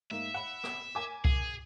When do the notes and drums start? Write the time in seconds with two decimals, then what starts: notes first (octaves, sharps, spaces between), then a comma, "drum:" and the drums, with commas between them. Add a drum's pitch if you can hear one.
0.11 G#2 A#3 E5
0.34 F#5 B5
0.64 drum: rim click
0.95 A#4 G#5 D6
1.25 G#4, drum: kick C2